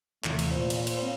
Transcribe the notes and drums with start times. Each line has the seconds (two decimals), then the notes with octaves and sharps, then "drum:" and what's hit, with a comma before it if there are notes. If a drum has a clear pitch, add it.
0.24 D#2 C3 E3 A3, drum: clap
0.39 drum: cymbal
0.51 A#2 C5
0.70 D#5, drum: cymbal
0.87 C5 C6, drum: cymbal
1.02 C4 C#5 F5